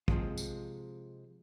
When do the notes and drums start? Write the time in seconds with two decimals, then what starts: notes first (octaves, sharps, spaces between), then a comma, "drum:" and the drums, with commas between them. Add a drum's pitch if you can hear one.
0.08 C3 F3 G#3 F4, drum: kick
0.38 drum: tambourine